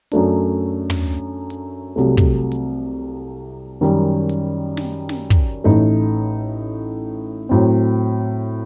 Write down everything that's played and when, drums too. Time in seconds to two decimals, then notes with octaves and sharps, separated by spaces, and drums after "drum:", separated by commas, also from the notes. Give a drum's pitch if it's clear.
0.12 F#2 F#3 A3 D4, drum: hi-hat
0.90 drum: tom
1.50 drum: hi-hat
1.96 C2 C3 F#3 A3
2.17 drum: kick
2.52 drum: hi-hat
3.81 F#2 D#3 G3
4.29 drum: hi-hat
4.77 drum: snare
5.09 drum: snare
5.30 drum: kick
5.64 A1 A2 A3 D#4
7.49 A2 F#3 C4